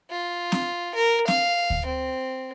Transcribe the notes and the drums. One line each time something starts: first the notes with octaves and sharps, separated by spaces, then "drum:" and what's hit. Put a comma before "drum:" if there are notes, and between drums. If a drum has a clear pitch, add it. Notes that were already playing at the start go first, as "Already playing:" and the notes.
F4
drum: snare
A#4
F5, drum: snare
drum: kick D2
C4